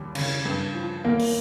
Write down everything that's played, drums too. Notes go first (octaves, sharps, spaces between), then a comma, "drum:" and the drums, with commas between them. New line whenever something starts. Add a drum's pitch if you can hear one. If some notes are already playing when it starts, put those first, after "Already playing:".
Already playing: D#2 G3
C#3, drum: cymbal
G2
F3
D#2 A#3
drum: open hi-hat